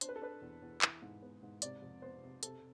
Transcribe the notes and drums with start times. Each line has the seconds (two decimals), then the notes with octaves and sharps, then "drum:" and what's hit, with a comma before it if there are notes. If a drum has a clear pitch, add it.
0.01 D4 C5, drum: hi-hat
0.09 B4
0.16 A4
0.22 D4 B4
0.42 E2
0.62 E2
0.82 E3, drum: clap
1.02 G#2
1.22 B3
1.43 G#2
1.62 C3 D5, drum: hi-hat
1.82 F2
2.02 B3 C5
2.23 C3
2.43 C3 A4, drum: hi-hat